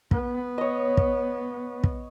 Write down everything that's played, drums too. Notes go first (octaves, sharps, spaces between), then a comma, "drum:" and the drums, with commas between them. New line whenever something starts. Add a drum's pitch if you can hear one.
B3, drum: kick
C#5 D#5
drum: kick
drum: kick